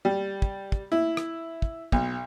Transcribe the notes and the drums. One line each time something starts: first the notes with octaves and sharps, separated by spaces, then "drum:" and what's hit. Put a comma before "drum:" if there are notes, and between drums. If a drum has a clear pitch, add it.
G3
drum: kick
drum: kick
E4
drum: rim click
drum: kick
B1, drum: kick